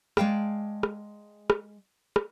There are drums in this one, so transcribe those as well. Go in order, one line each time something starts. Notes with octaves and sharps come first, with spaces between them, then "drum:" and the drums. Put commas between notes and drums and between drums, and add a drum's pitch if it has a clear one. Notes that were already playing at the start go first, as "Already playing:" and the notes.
G#3 D5 F5 G5 A5, drum: rim click
drum: rim click
drum: rim click
drum: rim click